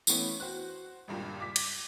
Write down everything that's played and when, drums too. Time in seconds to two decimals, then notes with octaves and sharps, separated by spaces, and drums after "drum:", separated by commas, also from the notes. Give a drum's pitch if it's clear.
0.07 E3 A3 B3 C#4, drum: tambourine
0.40 F#4 C5 F#6
1.08 G#1 C#2 G2 A#2
1.40 D6 B6
1.56 drum: cymbal